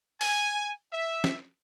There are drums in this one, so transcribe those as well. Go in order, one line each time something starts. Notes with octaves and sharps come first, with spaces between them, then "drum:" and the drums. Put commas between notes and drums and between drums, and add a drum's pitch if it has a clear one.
G#5, drum: open hi-hat
E5
drum: snare